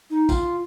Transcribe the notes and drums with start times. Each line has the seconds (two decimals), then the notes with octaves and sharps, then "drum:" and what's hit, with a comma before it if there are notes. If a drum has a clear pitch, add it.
0.10 D#4
0.29 F4, drum: kick, tambourine